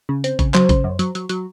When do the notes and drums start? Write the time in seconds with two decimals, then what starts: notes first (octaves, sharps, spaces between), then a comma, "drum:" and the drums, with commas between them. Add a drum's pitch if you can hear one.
0.09 C#3
0.24 C4, drum: hi-hat
0.39 C#3, drum: kick, hi-hat
0.54 F#3 C5, drum: clap
0.69 C#3, drum: kick, hi-hat
0.84 F#2
0.99 F#3, drum: hi-hat
1.15 F#3, drum: hi-hat
1.29 F#3, drum: hi-hat